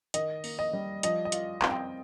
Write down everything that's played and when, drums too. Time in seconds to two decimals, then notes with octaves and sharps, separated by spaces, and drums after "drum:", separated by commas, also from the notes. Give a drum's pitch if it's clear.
0.14 D#3 D#5, drum: hi-hat
0.44 A#3, drum: open hi-hat
0.59 D#5
0.73 G3
1.03 F3 D#5, drum: hi-hat
1.25 D#5
1.32 F4, drum: hi-hat
1.62 C4, drum: clap
1.70 G5